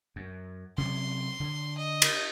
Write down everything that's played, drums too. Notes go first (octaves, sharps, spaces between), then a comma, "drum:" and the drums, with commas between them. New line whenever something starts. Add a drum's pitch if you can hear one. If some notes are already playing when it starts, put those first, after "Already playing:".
F#2
C3 F#3 C#4 C6
D3
D#5
drum: cymbal